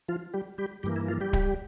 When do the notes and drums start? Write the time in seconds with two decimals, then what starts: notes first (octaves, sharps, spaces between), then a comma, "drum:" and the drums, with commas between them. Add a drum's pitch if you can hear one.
0.08 F3 F4
0.33 G3 G4
0.58 G3 G4
0.83 G2 E3 G3 A#3 G4
0.96 E4
1.08 F3 F4
1.20 G3 G4
1.33 drum: kick D1